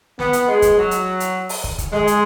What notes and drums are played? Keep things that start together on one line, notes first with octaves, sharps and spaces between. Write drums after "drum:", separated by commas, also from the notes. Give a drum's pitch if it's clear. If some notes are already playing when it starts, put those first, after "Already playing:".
B3, drum: snare
drum: hi-hat
G#3
drum: kick, hi-hat
F#3
drum: hi-hat
drum: hi-hat
drum: open hi-hat
drum: kick
drum: kick, hi-hat
G#3, drum: snare
drum: hi-hat